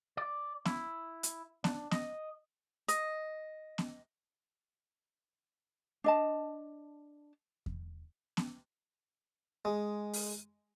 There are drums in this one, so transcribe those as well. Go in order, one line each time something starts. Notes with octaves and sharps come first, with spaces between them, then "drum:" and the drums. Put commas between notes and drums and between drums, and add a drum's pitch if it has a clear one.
D5
E4, drum: snare B3
drum: hi-hat
D4, drum: snare B3
D#5, drum: snare B3
D#5, drum: hi-hat
drum: snare B3
D4 D#5 A5
drum: kick E2
drum: snare B3
G#3
drum: open hi-hat